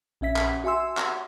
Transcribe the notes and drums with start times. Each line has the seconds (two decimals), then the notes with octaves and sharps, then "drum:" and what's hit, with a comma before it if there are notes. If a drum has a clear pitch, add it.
0.21 A#1 C#4 E5 B6
0.36 drum: clap
0.64 F#4 E5 G#5 C6 E6
0.97 drum: clap